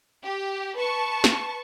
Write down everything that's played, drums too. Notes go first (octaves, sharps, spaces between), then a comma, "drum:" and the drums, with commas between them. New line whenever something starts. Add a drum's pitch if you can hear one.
G4
B4 A5 C#6
drum: snare